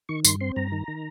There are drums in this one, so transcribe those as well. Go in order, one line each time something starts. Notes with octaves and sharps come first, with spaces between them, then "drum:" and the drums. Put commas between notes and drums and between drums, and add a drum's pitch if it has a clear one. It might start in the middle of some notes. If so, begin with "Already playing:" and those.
D#3 C#6
G2 C6, drum: tambourine
C4 C6
G2 A#5
D#3
D#3